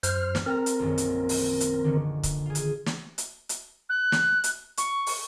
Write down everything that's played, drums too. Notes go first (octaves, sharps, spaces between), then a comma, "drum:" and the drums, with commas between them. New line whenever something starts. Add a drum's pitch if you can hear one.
F#2 C5 F6, drum: hi-hat
drum: snare
C4 A4 A#4 A#5
drum: hi-hat
A#1 F#2 D#3
drum: hi-hat
drum: open hi-hat
drum: hi-hat
D3 D#3 F#4
drum: kick C#1, hi-hat
F4 G#4
drum: hi-hat
drum: snare
drum: hi-hat
drum: hi-hat
F#6
drum: snare
drum: hi-hat
C#6, drum: hi-hat
drum: open hi-hat